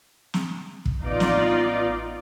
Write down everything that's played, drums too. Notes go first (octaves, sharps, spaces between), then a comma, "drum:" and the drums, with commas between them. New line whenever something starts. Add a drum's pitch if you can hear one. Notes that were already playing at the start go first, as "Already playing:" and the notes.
drum: snare
drum: kick
A1 B3 D#4 F4 D5 D7
drum: snare